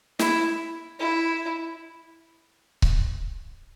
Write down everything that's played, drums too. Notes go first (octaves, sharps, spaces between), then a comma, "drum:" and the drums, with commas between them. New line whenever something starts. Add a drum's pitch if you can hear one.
E4, drum: snare
E4
drum: kick C#1